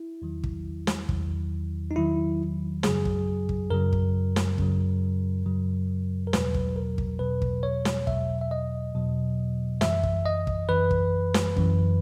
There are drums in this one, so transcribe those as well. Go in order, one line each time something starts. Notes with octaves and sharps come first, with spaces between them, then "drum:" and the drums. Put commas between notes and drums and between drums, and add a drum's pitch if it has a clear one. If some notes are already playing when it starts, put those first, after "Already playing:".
Already playing: E4
E2 D#3 F#3
drum: kick
drum: snare
E2 D#3 F#3, drum: kick
D#4
E2 D#3 F#3 E4
F#2 C#3 F#3 G#4, drum: snare
drum: kick
drum: kick
F#2 C#3 F#3 A#4
drum: kick
drum: snare
F#2 C#3 F#3, drum: kick
F#2 C#3 F#3
A#4
E2 B2 F#3 B4, drum: snare
drum: kick
A#4
drum: kick
E2 B2 F#3 B4
drum: kick
C#5
drum: snare
E2 B2 F#3 E5, drum: kick
E5
D#5
E2 B2 F#3
F#2 E3 E5, drum: snare
drum: kick
D#5
drum: kick
F#2 E3 B4
drum: kick
drum: snare
F#2 E3, drum: kick